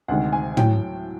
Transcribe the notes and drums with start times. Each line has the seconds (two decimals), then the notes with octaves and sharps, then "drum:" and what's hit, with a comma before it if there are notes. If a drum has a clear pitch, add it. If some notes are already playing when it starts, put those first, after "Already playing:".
0.08 D2 C3 D#3 G#3 F#5
0.33 G#5
0.57 A2 F#3 G5, drum: tom